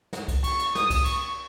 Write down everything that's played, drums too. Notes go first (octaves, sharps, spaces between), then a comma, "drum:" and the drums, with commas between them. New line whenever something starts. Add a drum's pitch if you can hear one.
drum: snare
drum: kick C2, cymbal
C#6, drum: cymbal
drum: cymbal
D#6, drum: snare
drum: kick C2, cymbal
C#6, drum: cymbal